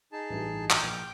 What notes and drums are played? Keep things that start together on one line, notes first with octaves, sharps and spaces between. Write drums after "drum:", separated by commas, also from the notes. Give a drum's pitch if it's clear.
D#4 G#4 A5
A1 G2 E3
G5 D6, drum: clap
A#1 F6